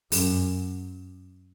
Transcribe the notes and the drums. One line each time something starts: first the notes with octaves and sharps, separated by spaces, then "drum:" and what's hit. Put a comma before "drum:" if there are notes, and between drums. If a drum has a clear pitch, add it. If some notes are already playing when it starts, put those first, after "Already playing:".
F#2, drum: open hi-hat